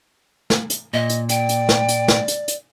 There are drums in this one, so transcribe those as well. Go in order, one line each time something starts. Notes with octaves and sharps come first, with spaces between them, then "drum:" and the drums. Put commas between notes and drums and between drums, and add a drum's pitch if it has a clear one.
drum: snare
drum: hi-hat
A#2 D#5
drum: hi-hat
D5 G5, drum: hi-hat
drum: hi-hat
drum: snare
drum: hi-hat
drum: snare
drum: hi-hat
drum: hi-hat